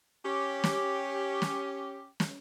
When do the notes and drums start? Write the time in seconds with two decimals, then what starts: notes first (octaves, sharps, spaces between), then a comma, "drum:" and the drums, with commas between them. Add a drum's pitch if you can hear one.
0.25 C#4 G4
0.64 drum: snare
1.42 drum: snare
2.20 drum: snare